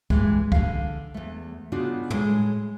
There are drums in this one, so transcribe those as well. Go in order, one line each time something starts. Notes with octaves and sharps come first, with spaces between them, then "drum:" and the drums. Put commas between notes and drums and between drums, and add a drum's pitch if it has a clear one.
G2 E3 G#3, drum: kick
D3 F5, drum: kick
E2 A3
C#3 B3 D4 D#4 F4 F#4
A2 G#3, drum: tom